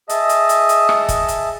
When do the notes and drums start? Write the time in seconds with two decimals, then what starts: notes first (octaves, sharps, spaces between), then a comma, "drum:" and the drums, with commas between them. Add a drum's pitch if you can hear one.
0.09 G#4 D#5 E5 A5, drum: hi-hat
0.29 drum: hi-hat
0.49 drum: hi-hat
0.69 drum: hi-hat
0.89 drum: rim click
1.09 drum: kick, hi-hat
1.28 drum: hi-hat